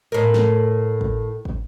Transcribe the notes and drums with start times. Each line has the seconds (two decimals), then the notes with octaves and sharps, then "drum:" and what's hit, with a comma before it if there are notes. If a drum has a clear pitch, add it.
0.12 A2 A#4
0.34 drum: snare
1.01 drum: kick
1.45 drum: kick